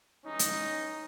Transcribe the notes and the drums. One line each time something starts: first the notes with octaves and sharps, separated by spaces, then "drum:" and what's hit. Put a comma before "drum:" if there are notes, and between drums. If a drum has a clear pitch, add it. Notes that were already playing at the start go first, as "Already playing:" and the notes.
G2 E3 G#3 C#4 D#4
drum: hi-hat